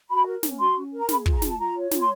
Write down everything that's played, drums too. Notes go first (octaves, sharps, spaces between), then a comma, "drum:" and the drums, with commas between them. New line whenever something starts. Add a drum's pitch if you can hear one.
F#4 B5
A#4
C#4, drum: snare
F#4 C6
C#4
A#4
A#5
G#4 B5, drum: snare
F4, drum: kick
A#5
F4, drum: snare
A5
F4 A#5
C#5
F4, drum: snare
C6